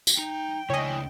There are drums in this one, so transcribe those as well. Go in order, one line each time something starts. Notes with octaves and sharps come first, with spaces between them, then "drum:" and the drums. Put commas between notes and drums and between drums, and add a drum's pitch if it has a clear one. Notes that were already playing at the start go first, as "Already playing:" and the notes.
drum: tambourine
D#4 G5
C#2 D4 E4 C#5 D#5 G#5